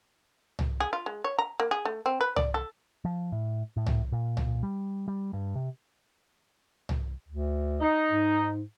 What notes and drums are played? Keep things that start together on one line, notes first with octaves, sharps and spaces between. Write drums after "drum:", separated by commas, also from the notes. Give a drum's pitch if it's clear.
drum: tom C2
G#4
F4
G#3
C#5
A#5
A#3
G#4
A3
C4
B4
D5, drum: tom C2
A4
F3
A2
A2
drum: tom C2
A#2
drum: tom C2
G3
G3
G2
C3
drum: tom C2
D2
D#4
G#2